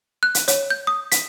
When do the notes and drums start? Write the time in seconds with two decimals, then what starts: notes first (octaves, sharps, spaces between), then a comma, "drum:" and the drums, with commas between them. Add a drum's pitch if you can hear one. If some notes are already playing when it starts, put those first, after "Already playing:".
0.23 F#6
0.35 drum: hi-hat
0.48 C#5, drum: hi-hat
0.70 G6
0.87 D#6
1.12 B6, drum: hi-hat